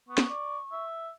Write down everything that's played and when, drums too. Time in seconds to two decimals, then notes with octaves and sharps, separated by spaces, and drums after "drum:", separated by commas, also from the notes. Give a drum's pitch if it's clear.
0.09 B3 C#6
0.18 drum: snare
0.29 D5
0.72 E5